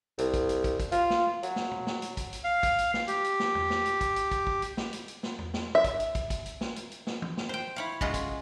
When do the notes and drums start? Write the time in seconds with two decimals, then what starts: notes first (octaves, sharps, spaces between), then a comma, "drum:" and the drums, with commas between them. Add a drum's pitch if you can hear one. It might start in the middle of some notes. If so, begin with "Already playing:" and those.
0.18 C2, drum: hi-hat
0.34 drum: kick, hi-hat
0.49 drum: hi-hat
0.64 drum: kick, hi-hat
0.80 drum: kick, hi-hat
0.92 F4, drum: hi-hat
1.10 drum: snare
1.43 F#3, drum: hi-hat
1.56 drum: snare
1.71 drum: tom
1.87 drum: snare
2.02 drum: hi-hat
2.17 drum: kick, hi-hat
2.33 drum: hi-hat
2.44 F5
2.63 drum: kick, hi-hat
2.78 drum: hi-hat
2.94 drum: snare
3.08 G4, drum: hi-hat
3.24 drum: hi-hat
3.40 drum: snare
3.55 drum: tom E2
3.70 drum: snare
3.86 drum: hi-hat
4.01 drum: kick, hi-hat
4.16 drum: hi-hat
4.31 drum: kick, hi-hat
4.47 drum: kick
4.62 drum: hi-hat
4.77 drum: snare
4.93 drum: hi-hat
5.08 drum: hi-hat
5.23 drum: snare
5.39 drum: tom E2
5.54 drum: snare
5.75 E5
5.84 drum: kick, hi-hat
6.00 drum: hi-hat
6.15 drum: kick, hi-hat
6.30 drum: kick, hi-hat
6.46 drum: hi-hat
6.61 drum: snare
6.76 drum: hi-hat
6.91 drum: hi-hat
7.07 drum: snare
7.22 drum: tom E3
7.37 drum: snare
7.49 C5 G5
7.76 E4 C#5 F5
8.01 C#3 G#3 F4 F#4 G#4, drum: kick
8.14 drum: kick, hi-hat